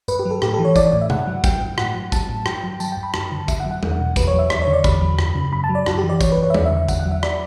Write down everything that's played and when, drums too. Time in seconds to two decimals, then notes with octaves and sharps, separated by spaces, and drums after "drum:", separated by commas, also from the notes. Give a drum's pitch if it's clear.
0.08 G2 B4, drum: tambourine
0.19 G4
0.25 F#3
0.31 A4
0.42 A2 G4, drum: rim click
0.54 A4
0.59 E3
0.65 C#5
0.76 E3 D5, drum: kick, tambourine
0.92 A2 D5
1.01 E5
1.10 G2 F#5, drum: tom C3
1.27 F#3
1.44 F#3 G5, drum: kick, tambourine
1.62 G2
1.78 A2 F#5, drum: rim click
1.95 F#3
2.12 F#3 A5, drum: kick, tambourine
2.29 A2
2.46 G2 G5, drum: rim click
2.64 F#3
2.80 F#3 A5, drum: tambourine
2.92 G2 G5
3.03 B5
3.14 F#2 A5, drum: rim click
3.32 D3
3.48 F#2 E5, drum: kick, tambourine
3.60 F#5
3.66 F#3
3.71 F#5
3.83 E2, drum: tom G3
4.00 B2
4.16 E2 B4, drum: kick, tambourine
4.28 C#5
4.33 F#3
4.39 E5
4.50 E2 D5, drum: rim click
4.62 C#5
4.67 D3
4.73 D5
4.84 E2 B5, drum: kick, tambourine
5.01 F#3
5.19 F#2, drum: rim click
5.35 C#3
5.52 F#2 B5
5.64 A5
5.69 F#3
5.75 D5
5.86 F#2 F#4, drum: rim click
5.98 G4
6.04 E3
6.09 D5
6.21 E3 C#5, drum: kick, tambourine
6.32 B4
6.38 F#2
6.43 C#5
6.50 E5
6.54 E2 D5, drum: tom G3
6.66 E5
6.71 D3
6.77 E5
6.88 E2 F#5, drum: kick, tambourine
7.00 F#5
7.06 F#3
7.11 E5
7.23 D5, drum: rim click